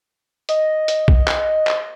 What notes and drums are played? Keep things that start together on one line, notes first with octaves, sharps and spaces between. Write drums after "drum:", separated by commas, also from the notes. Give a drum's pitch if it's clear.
D#5, drum: hi-hat
drum: hi-hat
drum: kick A#1
drum: clap
drum: clap